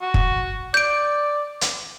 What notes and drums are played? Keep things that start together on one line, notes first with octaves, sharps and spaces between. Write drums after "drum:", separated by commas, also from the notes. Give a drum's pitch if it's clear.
F#4
drum: kick
D5 G6 D7
drum: hi-hat